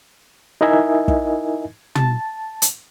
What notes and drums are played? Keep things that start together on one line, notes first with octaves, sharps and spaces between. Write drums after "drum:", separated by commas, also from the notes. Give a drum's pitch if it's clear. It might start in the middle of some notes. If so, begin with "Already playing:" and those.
D#4 E4 A#4 D#5 E5 G#5
drum: kick
A5, drum: tom
drum: hi-hat